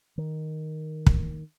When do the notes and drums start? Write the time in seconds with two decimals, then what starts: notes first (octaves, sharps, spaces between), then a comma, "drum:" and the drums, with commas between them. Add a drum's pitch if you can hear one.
0.18 D#3
1.06 drum: kick